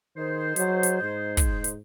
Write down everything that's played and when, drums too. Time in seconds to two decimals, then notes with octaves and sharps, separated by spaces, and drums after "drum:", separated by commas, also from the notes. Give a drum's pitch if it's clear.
0.17 D#3 D#4 G#4 C5
0.56 F#3, drum: hi-hat
0.83 drum: hi-hat
1.02 G#2
1.37 drum: kick, hi-hat
1.64 drum: hi-hat